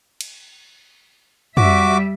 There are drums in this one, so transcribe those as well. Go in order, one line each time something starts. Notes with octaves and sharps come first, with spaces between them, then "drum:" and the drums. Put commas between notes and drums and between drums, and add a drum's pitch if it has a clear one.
drum: cymbal
G3 F#4 E5 D6, drum: tom